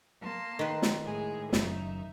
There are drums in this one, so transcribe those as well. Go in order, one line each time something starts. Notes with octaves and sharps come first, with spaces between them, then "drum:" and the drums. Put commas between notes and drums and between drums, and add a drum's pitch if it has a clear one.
A#3 A5 C6
D#3 B4
drum: snare
A2 G#3 G#4
F#1 F#2 C#3 D#4 E5, drum: snare